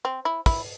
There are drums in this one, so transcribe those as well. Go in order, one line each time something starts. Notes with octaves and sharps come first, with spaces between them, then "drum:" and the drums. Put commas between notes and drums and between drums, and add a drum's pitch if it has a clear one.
C4
E4
E4, drum: kick, open hi-hat